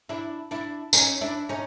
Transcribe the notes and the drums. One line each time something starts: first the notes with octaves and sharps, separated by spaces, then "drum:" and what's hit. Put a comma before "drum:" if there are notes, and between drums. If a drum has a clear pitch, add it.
D4 E4
D4 E4
C#4 D#4, drum: tambourine
D4 E4
C#4 D#4